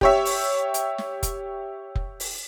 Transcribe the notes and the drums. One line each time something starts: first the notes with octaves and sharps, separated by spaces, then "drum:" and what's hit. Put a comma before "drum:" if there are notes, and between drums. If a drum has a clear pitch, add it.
G4 C#5 E5, drum: kick F1
drum: open hi-hat
drum: hi-hat
drum: snare
drum: kick F1, hi-hat
drum: kick F1
drum: open hi-hat